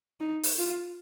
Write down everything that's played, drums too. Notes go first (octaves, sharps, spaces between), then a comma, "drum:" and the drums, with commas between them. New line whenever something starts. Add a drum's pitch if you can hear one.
D#4
drum: open hi-hat
F4